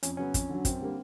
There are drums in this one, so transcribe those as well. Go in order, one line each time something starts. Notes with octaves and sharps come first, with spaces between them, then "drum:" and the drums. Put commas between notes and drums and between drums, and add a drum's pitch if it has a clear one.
F2 C#4, drum: hi-hat
C#3 F#3 B3 C#4
F2, drum: kick, hi-hat
D3 F#3
F#2 C4, drum: kick, hi-hat
D3 G3 A#3